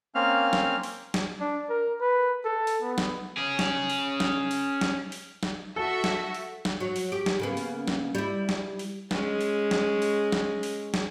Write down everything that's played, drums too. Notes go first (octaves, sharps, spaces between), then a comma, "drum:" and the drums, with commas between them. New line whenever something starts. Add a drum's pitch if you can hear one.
A#3 C4 C#4 F5 F6
drum: snare
drum: open hi-hat
drum: snare
D4
A#4
B4
A4
drum: open hi-hat
B3
drum: snare
C#4 G#4
drum: snare
drum: open hi-hat
drum: snare
drum: open hi-hat
drum: snare
drum: open hi-hat
drum: snare
F#4 A4 E5
drum: snare
drum: open hi-hat
drum: snare
F#3
drum: open hi-hat
G4
drum: snare
C#3 A#3 B3
drum: open hi-hat
drum: snare
G3 E4
drum: snare
drum: open hi-hat
G#3 C#4, drum: snare
drum: open hi-hat
drum: snare
drum: open hi-hat
drum: snare
drum: open hi-hat
drum: snare